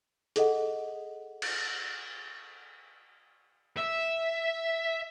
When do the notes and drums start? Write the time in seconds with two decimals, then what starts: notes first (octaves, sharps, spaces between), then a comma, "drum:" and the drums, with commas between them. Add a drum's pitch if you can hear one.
0.36 G#4 A4 D#5 F#5, drum: hi-hat
1.42 drum: cymbal
3.77 E5